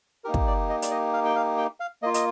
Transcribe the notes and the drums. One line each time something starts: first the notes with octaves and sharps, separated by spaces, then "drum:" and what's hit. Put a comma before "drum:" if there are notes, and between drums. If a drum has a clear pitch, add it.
A#3 D#4 G4 A#4
drum: kick
D5
D#5
D5, drum: hi-hat
D#5
F5
G5
F5
G5
F5
A#3 F4 D#5
D#5, drum: hi-hat